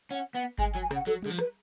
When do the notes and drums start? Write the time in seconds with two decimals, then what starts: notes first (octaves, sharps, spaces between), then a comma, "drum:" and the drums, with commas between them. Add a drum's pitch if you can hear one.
0.11 C#4 F#5, drum: hi-hat
0.35 B3 F#5
0.58 G#3 G#5, drum: kick G1
0.71 G#5
0.75 F#3
0.82 G#5
0.91 C#3, drum: rim click
0.95 F#5
1.06 F#3 A4, drum: hi-hat
1.22 G#4, drum: tom G3
1.26 D3
1.30 F3
1.38 B4, drum: rim click